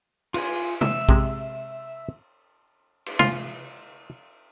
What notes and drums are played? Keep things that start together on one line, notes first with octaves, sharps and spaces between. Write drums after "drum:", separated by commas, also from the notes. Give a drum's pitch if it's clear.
F4 G#5, drum: cymbal
E5, drum: tom
C3 G#3, drum: kick A#1
drum: cymbal
F4, drum: tom